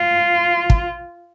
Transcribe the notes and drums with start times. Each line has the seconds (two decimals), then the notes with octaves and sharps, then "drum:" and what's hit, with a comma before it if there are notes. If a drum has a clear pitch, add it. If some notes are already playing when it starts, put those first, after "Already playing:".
Already playing: F4
0.70 drum: kick